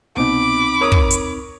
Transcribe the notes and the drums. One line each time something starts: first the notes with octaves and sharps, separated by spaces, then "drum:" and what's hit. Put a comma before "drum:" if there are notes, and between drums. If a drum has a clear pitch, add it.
C2 B2 C4 D#4 B5 D6
A#4 C#5 D#6
drum: kick
drum: hi-hat